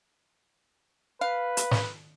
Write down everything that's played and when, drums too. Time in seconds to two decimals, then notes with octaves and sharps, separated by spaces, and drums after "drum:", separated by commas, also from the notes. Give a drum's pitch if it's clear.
1.21 B4 F5
1.57 drum: hi-hat
1.71 drum: snare